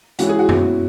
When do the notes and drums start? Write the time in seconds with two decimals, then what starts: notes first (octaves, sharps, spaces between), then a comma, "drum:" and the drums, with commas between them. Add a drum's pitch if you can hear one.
0.19 C#3 E3 G#3 C#4 E4 F#4, drum: hi-hat
0.29 G#4
0.39 F#4
0.49 B2 F#3 C#4 E4, drum: tom F#2